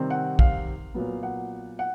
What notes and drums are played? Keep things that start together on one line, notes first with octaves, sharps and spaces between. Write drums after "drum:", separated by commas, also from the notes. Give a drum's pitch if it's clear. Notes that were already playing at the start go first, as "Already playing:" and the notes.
Already playing: C3 D#3 G3 C4
F#5
F5, drum: kick
A#2 F#3 B3
F#5
F#5